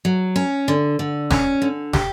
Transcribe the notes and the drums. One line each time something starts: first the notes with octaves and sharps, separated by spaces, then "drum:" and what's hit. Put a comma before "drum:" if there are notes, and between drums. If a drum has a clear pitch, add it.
F#3
C#4
D3
D3
C#4, drum: snare
D3
G4, drum: snare